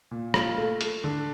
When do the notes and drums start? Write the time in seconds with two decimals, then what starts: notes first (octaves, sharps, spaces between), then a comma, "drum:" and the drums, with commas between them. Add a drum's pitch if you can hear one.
0.11 A#2
0.34 F4, drum: rim click
0.58 A3
0.81 A3, drum: hi-hat
1.04 D3